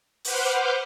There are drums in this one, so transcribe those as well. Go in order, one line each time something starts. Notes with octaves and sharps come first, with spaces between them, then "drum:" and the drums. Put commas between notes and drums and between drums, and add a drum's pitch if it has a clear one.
B4 C5 F#5 D6 F6 G6, drum: open hi-hat